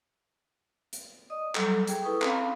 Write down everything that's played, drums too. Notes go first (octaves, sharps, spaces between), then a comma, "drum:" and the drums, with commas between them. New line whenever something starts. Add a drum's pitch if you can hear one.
drum: hi-hat
D5 D#5 D#6
F#3 G3 A4, drum: clap
G#4 G5, drum: hi-hat
E4 A4 B4 C#6 D#6
C4 C#4 F5 B5, drum: clap